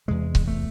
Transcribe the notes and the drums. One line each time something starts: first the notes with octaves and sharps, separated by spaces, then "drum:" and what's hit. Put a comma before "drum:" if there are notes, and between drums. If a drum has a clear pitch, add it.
E2 C3 G#3
drum: kick C#1
A3